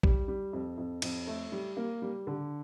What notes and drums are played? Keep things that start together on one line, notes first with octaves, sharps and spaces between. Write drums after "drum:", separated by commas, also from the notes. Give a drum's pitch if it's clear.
G3, drum: kick A#1
G3
F2
F2
F2, drum: cymbal
A3
G3
A#3
G3
D3